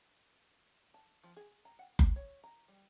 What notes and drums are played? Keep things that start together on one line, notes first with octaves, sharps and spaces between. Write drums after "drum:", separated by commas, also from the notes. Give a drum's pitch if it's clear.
A5
F3
G#4
A#5
F#5
B5, drum: kick F#1
C#5
A#5
G3